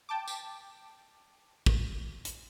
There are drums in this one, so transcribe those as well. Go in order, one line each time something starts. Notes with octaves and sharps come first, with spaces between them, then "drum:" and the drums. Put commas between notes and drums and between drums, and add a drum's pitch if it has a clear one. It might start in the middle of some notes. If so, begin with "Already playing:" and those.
G5 A5 D6
drum: tambourine
drum: kick
drum: hi-hat